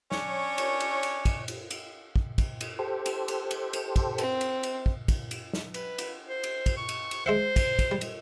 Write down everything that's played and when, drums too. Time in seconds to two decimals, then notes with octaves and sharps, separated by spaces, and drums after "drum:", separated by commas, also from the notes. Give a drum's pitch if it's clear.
0.12 C#4 D4 C#5, drum: snare
0.58 drum: cymbal
0.80 drum: cymbal
1.03 drum: cymbal
1.25 drum: kick, cymbal
1.48 drum: cymbal
1.71 drum: cymbal
2.16 drum: kick
2.38 drum: kick, cymbal
2.61 drum: cymbal
2.79 G4 A4 C5
3.06 drum: cymbal
3.28 drum: cymbal
3.51 drum: cymbal
3.73 drum: cymbal
3.96 drum: kick, cymbal
4.18 C4, drum: cymbal
4.41 drum: cymbal
4.63 drum: cymbal
4.86 drum: kick
5.08 drum: kick, cymbal
5.31 drum: cymbal
5.53 drum: snare
5.74 B4, drum: cymbal
5.98 drum: cymbal
6.27 C5
6.44 drum: cymbal
6.66 drum: kick, cymbal
6.77 C#6
6.89 drum: cymbal
7.11 drum: cymbal
7.26 G#3 C5 E5 F#5
7.56 drum: kick, cymbal
7.79 drum: kick, cymbal
7.91 G3
8.01 drum: cymbal